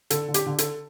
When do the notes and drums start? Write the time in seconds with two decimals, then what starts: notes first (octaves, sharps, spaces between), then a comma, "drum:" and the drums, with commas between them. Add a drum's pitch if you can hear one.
0.10 D3 A4, drum: hi-hat
0.28 D3
0.34 G4, drum: hi-hat
0.46 D3
0.58 A4, drum: hi-hat